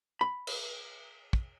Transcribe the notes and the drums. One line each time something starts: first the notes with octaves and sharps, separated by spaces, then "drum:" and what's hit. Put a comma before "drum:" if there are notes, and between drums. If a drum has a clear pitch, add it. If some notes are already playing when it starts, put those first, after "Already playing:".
B5
drum: cymbal
drum: kick